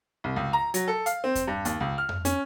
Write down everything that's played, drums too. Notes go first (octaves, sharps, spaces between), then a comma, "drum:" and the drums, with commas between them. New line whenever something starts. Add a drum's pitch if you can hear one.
C2
C#2
A#5
F#3, drum: hi-hat
A4
F5, drum: hi-hat
C4
drum: kick E2, hi-hat
G2
D#2, drum: hi-hat
C#2
F6
drum: tom F2
C#4, drum: hi-hat